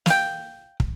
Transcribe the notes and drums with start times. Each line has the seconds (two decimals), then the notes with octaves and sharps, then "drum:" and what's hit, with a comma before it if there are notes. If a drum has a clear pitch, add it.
0.06 F5 G5, drum: snare
0.80 drum: kick